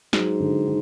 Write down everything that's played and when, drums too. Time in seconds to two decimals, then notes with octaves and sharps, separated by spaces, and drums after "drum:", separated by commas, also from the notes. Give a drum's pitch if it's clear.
0.13 G#2 F#3, drum: snare
0.40 D3
0.66 D#3